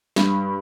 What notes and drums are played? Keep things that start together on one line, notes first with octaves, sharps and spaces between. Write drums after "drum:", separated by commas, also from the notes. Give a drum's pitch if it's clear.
G2, drum: snare